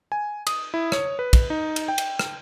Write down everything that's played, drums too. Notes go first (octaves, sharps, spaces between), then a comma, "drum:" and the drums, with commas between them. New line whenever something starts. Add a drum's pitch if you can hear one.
G#5
D#6, drum: cymbal
E4
C#5, drum: rim click
B4
drum: kick, cymbal
D#4
drum: cymbal
G5
drum: cymbal
drum: rim click